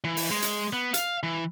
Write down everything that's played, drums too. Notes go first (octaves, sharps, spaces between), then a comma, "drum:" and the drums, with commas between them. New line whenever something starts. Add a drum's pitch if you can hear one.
E3
drum: open hi-hat
G#3
drum: hi-hat
B3
F5, drum: hi-hat
E3